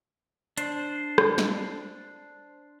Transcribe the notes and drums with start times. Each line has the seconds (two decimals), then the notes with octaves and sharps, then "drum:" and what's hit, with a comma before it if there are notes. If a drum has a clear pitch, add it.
0.58 D4 C5, drum: hi-hat
1.18 drum: rim click
1.38 drum: snare